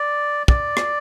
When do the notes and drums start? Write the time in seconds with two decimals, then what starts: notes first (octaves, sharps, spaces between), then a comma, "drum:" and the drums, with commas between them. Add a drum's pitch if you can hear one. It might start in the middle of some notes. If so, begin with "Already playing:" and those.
Already playing: D5
0.48 D5, drum: kick
0.77 drum: rim click